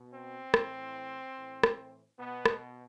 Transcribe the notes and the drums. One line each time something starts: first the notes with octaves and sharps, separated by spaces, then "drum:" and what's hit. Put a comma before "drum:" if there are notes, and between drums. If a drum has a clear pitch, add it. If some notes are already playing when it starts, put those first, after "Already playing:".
Already playing: B2
C4
A2 E3, drum: rim click
A2 E3
drum: rim click
B2 B3
drum: rim click